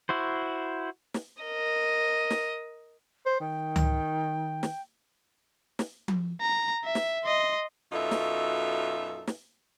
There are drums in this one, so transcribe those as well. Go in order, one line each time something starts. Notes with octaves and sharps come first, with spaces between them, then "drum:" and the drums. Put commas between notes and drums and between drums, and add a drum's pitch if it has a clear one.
E4 F#4 C5
drum: snare
A#4 D#5
drum: snare
C5
D#3 G5
drum: tom C#2
drum: snare
drum: snare
drum: tom F3
A#5
E5
drum: snare
D#5 C6
F#2 B2 D#4 F4 A4 E5
drum: snare
drum: snare